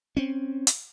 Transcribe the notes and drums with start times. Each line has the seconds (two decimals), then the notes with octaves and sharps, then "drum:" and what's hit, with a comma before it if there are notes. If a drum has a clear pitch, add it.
0.17 C4 C#4
0.67 drum: hi-hat